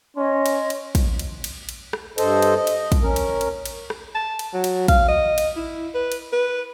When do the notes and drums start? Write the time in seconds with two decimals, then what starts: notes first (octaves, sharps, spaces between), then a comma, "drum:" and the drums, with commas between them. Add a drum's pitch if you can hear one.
0.16 C#4 C#5 D#5 C6
0.46 drum: cymbal
0.70 drum: cymbal
0.95 drum: kick, cymbal
1.19 drum: cymbal
1.44 drum: cymbal
1.69 drum: cymbal
1.93 drum: rim click
2.18 G2 A4 C5 D#5, drum: cymbal
2.42 drum: cymbal
2.56 D#5
2.67 drum: cymbal
2.92 drum: kick, cymbal
3.03 C#4 A#4
3.16 drum: cymbal
3.41 drum: cymbal
3.66 drum: cymbal
3.90 drum: rim click
4.15 A5
4.39 drum: cymbal
4.54 F#3
4.64 drum: cymbal
4.88 F5, drum: kick, cymbal
5.08 D#5
5.38 drum: cymbal
5.56 E4
5.94 B4
6.12 drum: cymbal
6.32 B4